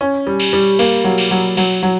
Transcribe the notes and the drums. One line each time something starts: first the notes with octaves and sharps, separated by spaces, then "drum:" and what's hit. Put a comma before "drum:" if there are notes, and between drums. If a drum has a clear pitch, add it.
C#4
G3
drum: cymbal
G3
A#3, drum: cymbal
F#3
drum: cymbal
F#3
F#3, drum: cymbal
F#3